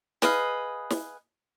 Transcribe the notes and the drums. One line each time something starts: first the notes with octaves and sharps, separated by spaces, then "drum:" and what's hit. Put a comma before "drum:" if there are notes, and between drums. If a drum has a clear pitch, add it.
G#4 B4 D#5 F5, drum: snare
drum: snare